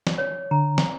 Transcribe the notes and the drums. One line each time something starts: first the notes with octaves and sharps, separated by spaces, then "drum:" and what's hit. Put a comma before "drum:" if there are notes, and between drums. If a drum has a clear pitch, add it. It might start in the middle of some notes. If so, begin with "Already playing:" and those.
drum: snare
C#5
D3 A#5
drum: snare